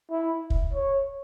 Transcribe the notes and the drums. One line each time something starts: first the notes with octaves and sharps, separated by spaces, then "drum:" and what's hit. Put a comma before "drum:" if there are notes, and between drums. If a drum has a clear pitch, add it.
E4
drum: kick
C#5